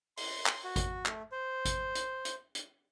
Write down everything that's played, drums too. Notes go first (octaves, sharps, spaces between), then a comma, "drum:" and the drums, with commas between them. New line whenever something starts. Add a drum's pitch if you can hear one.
C6, drum: open hi-hat
drum: clap
F#4
drum: kick G#1, hi-hat
A3, drum: clap
C5
drum: kick G#1, hi-hat
drum: hi-hat
drum: hi-hat
drum: hi-hat